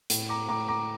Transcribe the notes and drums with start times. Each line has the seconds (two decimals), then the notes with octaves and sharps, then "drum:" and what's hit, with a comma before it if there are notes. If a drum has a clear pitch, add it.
0.10 A2, drum: hi-hat
0.29 A#5 D6
0.49 A2 A#5 D6
0.68 A#5 D6